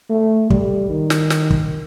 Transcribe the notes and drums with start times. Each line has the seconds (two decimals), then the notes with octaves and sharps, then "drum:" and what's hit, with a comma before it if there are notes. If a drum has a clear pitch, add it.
0.10 A3
0.50 G3, drum: kick
0.89 D#3
1.10 drum: snare
1.30 drum: snare
1.50 drum: kick